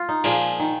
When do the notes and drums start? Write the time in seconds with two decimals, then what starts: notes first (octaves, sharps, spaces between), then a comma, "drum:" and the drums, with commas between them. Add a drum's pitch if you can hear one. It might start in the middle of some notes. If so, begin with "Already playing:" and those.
Already playing: F4
0.09 D#4
0.24 A#2 F3 G#4, drum: cymbal
0.60 D#3